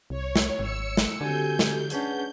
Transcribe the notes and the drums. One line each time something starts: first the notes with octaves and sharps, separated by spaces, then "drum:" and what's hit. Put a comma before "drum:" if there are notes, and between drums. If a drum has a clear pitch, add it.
C2 C#5
drum: snare
G#1 E6 C#7
drum: snare
D3 C4 F#4 G4 A4 G#5 G6
drum: snare
C#4 D4 G#4 B4 F#5, drum: hi-hat